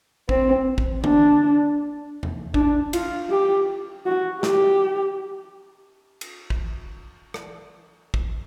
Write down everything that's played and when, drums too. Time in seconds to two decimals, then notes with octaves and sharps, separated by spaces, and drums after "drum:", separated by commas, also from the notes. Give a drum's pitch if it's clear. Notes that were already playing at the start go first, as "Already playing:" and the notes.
0.29 C4, drum: kick
0.78 drum: kick
1.04 D4, drum: tom D3
2.23 drum: tom E2
2.54 D4, drum: kick
2.93 F4, drum: cymbal
3.30 G4
4.06 F#4
4.43 G4, drum: snare
6.21 drum: cymbal
6.50 drum: kick
7.34 drum: rim click
8.14 drum: kick